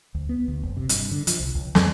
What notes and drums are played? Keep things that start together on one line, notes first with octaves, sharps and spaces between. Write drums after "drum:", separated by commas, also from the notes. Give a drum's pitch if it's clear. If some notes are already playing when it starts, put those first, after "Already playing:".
D2
B3
D2
F#1
C3
G2, drum: hi-hat
D3
F3, drum: hi-hat
C2
C#2
F2, drum: snare